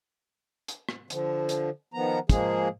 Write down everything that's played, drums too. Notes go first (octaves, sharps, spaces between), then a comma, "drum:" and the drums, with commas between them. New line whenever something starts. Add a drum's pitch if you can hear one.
drum: hi-hat
drum: rim click
D3 F3, drum: hi-hat
drum: hi-hat
D#3 F3 B3 A#5
F3 G#3 A#3 G#4, drum: kick, hi-hat